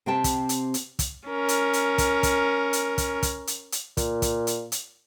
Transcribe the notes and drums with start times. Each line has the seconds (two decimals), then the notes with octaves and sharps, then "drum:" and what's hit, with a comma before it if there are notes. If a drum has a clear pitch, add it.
0.06 C3 C4 G4 E5 G5 A5
0.24 drum: kick, hi-hat
0.49 drum: hi-hat
0.74 drum: hi-hat
0.99 drum: kick, hi-hat
1.28 C#4 A#4
1.49 drum: hi-hat
1.73 drum: hi-hat
1.98 drum: kick, hi-hat
2.23 drum: kick, hi-hat
2.73 drum: hi-hat
2.98 drum: kick, hi-hat
3.23 drum: kick, hi-hat
3.47 drum: hi-hat
3.72 drum: hi-hat
3.97 A#2, drum: kick, hi-hat
4.22 drum: kick, hi-hat
4.47 drum: hi-hat
4.72 drum: hi-hat